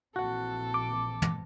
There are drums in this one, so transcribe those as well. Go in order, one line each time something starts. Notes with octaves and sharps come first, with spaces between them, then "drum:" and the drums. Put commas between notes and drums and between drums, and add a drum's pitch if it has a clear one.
A#1 E3 C4 F#4 A4 F#5
D6
drum: tom